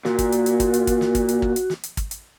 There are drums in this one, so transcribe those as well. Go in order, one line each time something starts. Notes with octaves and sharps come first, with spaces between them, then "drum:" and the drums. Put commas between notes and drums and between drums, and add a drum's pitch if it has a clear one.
A#2 F#4, drum: snare
drum: kick, hi-hat
drum: hi-hat
drum: hi-hat
drum: kick, hi-hat
drum: hi-hat
drum: kick, hi-hat
drum: snare
drum: kick, hi-hat
drum: hi-hat
drum: kick
drum: hi-hat
drum: snare
drum: hi-hat
drum: kick, hi-hat
drum: hi-hat